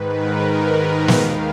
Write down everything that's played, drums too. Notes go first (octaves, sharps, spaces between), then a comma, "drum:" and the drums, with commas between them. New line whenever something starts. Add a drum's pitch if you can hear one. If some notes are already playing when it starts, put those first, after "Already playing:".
Already playing: G#2 D#3 B4
A#4
B4
A#4
D#2 D#3 F5, drum: snare